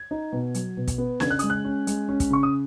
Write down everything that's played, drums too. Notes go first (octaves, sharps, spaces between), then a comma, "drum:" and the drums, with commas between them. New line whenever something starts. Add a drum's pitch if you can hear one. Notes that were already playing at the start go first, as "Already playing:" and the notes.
Already playing: G#6
D#4
B2
F#3, drum: hi-hat
B2
drum: kick, hi-hat
B3
C#3 G#6, drum: snare
F#6
G#3 D#6, drum: hi-hat
F#6
C#4
G#3, drum: hi-hat
C#4
drum: kick, hi-hat
C#3 C#6
D#6